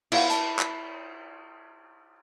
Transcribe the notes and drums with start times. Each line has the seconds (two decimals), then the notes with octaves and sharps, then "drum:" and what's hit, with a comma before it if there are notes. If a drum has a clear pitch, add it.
0.12 E4 F4 F5 F#5, drum: cymbal
0.30 A5, drum: hi-hat
0.59 drum: clap